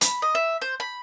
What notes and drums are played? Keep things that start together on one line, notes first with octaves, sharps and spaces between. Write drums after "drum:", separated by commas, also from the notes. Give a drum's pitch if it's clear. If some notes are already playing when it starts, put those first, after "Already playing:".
B5, drum: hi-hat
D#5
E5
C5
B5